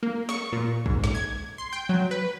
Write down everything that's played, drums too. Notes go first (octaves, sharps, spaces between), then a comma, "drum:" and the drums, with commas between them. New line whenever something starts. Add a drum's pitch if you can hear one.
A#3
C#6, drum: snare
A#2
G#2, drum: kick
drum: snare
G#6
C6
G5
F#3
B4